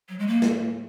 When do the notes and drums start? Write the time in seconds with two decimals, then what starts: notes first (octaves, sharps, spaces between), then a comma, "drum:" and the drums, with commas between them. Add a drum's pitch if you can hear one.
0.09 F#3
0.19 G#3
0.27 A#3
0.42 drum: snare